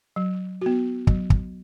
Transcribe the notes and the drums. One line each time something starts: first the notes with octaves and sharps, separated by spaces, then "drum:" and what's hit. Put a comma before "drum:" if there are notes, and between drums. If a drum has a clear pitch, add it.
F#3
B3 F#4
F#3, drum: kick
drum: kick